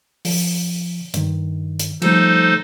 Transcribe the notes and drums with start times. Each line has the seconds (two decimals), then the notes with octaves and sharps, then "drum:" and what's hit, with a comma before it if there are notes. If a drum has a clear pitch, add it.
0.25 F3, drum: open hi-hat
1.14 G2 D#3, drum: hi-hat
1.79 drum: hi-hat
2.02 F3 G3 A3 D#4 A4 C5, drum: cymbal